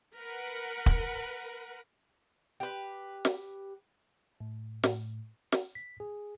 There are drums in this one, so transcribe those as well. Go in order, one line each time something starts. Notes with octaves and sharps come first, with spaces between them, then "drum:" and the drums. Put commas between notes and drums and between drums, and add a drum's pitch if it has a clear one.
A#4 B4 F#5
drum: kick
G4 B4
drum: snare
A2
A2, drum: snare
drum: snare
B6
G#4